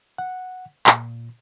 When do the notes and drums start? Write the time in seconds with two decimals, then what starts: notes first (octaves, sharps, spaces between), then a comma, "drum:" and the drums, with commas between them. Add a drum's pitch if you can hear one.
0.18 F#5
0.87 A#2, drum: clap